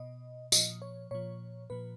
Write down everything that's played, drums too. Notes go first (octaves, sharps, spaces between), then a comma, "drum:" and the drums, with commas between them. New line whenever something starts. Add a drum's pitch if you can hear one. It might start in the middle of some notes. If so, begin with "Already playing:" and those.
Already playing: B2 D#5
A#2 F3 D#5, drum: tambourine
C#5
A#2 F3 C#5
A#2 F3 B4